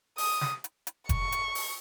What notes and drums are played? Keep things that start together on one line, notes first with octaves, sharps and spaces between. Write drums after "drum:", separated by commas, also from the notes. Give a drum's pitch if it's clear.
D#6, drum: open hi-hat
drum: snare
drum: hi-hat
drum: hi-hat
C#6, drum: kick F1, hi-hat
drum: hi-hat
drum: open hi-hat